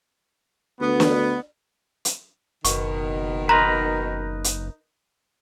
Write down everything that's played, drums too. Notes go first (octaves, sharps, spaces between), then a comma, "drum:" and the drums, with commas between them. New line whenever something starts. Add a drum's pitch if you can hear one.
D2 B3
drum: snare
drum: hi-hat
F#1 B2 D#3 C#6, drum: hi-hat
D#4 A#4 B4 A#5 C6
drum: hi-hat